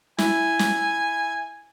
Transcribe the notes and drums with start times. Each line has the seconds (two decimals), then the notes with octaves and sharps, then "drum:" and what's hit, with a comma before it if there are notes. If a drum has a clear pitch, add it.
0.18 E4 G#5, drum: snare
0.59 drum: snare